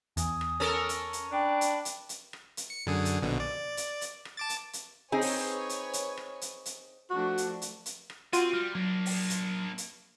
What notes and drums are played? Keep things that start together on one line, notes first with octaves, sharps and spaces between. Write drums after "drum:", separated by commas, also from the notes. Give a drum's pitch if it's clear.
E2 G#5 D#6, drum: hi-hat
drum: rim click
C#4 A4 A#4
drum: hi-hat
drum: hi-hat
D4 G5 B5 F#6
drum: hi-hat
drum: hi-hat
drum: hi-hat
drum: rim click
drum: hi-hat
C#7
F#2 D3 G#4
drum: hi-hat
A#1 B2 D3
D5
drum: hi-hat
drum: hi-hat
drum: rim click
A5 D6 A6
drum: hi-hat
drum: hi-hat
C4 D#4 G#4 B4 C#5 G#5
drum: open hi-hat
drum: hi-hat
drum: hi-hat
drum: rim click
drum: hi-hat
drum: hi-hat
F3 A3 D4 F#4
drum: hi-hat
drum: hi-hat
drum: hi-hat
drum: rim click
C4 F4 F#4 D#7, drum: hi-hat
G3 F6
F#3 A#3 D4
drum: open hi-hat
drum: hi-hat
drum: hi-hat